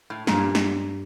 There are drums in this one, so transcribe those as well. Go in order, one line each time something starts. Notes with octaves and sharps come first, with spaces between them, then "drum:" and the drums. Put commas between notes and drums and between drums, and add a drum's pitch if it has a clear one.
A2
G2 A#2, drum: snare
drum: snare